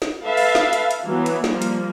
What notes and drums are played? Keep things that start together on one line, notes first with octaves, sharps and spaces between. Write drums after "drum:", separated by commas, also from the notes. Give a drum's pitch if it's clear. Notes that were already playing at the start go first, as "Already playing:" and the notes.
drum: snare
A4 B4 E5 F5 A5 B5
drum: open hi-hat
drum: snare
drum: hi-hat
drum: hi-hat
E3 F#3 B3
drum: hi-hat
F3 G3 A#3, drum: snare
drum: hi-hat